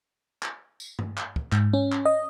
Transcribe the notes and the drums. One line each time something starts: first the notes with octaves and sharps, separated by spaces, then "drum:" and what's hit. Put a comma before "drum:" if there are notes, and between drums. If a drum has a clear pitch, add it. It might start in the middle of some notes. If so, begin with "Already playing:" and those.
drum: clap
drum: tambourine
drum: tom G2
drum: clap
drum: kick
G#2, drum: clap
C#4
drum: clap
D#5